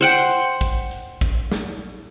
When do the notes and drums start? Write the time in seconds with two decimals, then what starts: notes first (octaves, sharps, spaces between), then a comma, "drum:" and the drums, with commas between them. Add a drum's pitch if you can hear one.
0.01 C5 F#5 G5
0.31 drum: hi-hat
0.61 drum: kick
0.91 drum: hi-hat
1.21 drum: kick
1.52 drum: snare